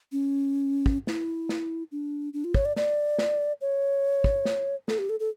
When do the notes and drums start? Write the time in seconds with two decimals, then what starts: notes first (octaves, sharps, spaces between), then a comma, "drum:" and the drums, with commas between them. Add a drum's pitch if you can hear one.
0.12 C#4
0.86 drum: kick
1.07 E4, drum: snare
1.49 drum: snare
1.92 D4
2.33 D4
2.44 F4
2.54 C#5, drum: kick
2.65 D5
2.76 D5, drum: snare
3.19 drum: snare
3.61 C#5
4.24 drum: kick
4.45 drum: snare
4.88 A4, drum: snare
4.98 G4
5.09 A4
5.20 A4